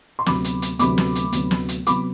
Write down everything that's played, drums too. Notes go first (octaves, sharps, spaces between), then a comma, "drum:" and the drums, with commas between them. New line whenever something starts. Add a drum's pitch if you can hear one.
C6
D2 C3 F#3 B3 B5 D6, drum: snare
drum: hi-hat
drum: hi-hat
D2 C3 F#3 B3 B5 D6, drum: hi-hat
drum: snare
drum: hi-hat
D2 C3 F#3 B3, drum: hi-hat
drum: snare
drum: hi-hat
C3 F#3 B3 B5 D6, drum: hi-hat